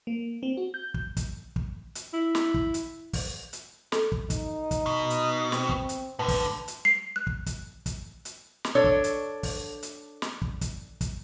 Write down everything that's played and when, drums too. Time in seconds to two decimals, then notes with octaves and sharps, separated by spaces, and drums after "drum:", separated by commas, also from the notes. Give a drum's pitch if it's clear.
0.07 A#3
0.43 C4
0.57 F#4
0.74 G6
0.94 G6, drum: kick
1.17 drum: kick, hi-hat
1.56 drum: kick
1.95 drum: hi-hat
2.13 E4
2.35 drum: snare
2.54 drum: kick
2.74 drum: hi-hat
3.13 drum: kick, open hi-hat
3.53 drum: hi-hat
3.92 A4, drum: snare
4.12 drum: kick
4.30 D#4, drum: kick, hi-hat
4.71 drum: kick, hi-hat
4.86 B2
5.10 drum: hi-hat
5.52 C4, drum: snare
5.69 drum: kick
5.89 drum: hi-hat
6.19 A2 D3 B4 A5
6.28 drum: kick, open hi-hat
6.68 drum: hi-hat
6.85 C7
7.16 F#6
7.27 drum: kick
7.46 drum: kick, hi-hat
7.86 drum: kick, hi-hat
8.25 drum: hi-hat
8.64 drum: snare
8.75 D4 A4 C#5
8.84 drum: kick
9.04 drum: hi-hat
9.43 drum: kick, open hi-hat
9.83 drum: hi-hat
10.22 drum: snare
10.42 drum: kick
10.61 drum: kick, hi-hat
11.01 drum: kick, hi-hat